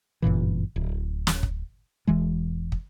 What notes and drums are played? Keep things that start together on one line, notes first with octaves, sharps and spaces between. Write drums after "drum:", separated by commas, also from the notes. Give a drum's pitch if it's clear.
G1 F#2 A#2 E3
D1
drum: snare
drum: kick
E1 E3 G#3
drum: kick